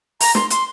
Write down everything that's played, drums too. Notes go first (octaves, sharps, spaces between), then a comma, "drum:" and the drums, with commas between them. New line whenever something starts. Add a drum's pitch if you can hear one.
A#5, drum: open hi-hat
C6, drum: snare
C6, drum: hi-hat